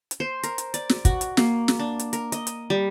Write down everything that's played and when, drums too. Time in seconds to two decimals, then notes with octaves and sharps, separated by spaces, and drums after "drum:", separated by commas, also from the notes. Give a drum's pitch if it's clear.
0.11 drum: hi-hat
0.20 C5
0.43 A#4, drum: hi-hat
0.58 drum: hi-hat
0.74 D5, drum: hi-hat
0.89 drum: snare
1.05 F#4, drum: kick, hi-hat
1.21 drum: hi-hat
1.37 A#3, drum: snare
1.68 drum: snare
1.79 D4
1.99 drum: hi-hat
2.13 A#4, drum: hi-hat
2.32 D#5, drum: hi-hat
2.47 drum: hi-hat
2.70 G3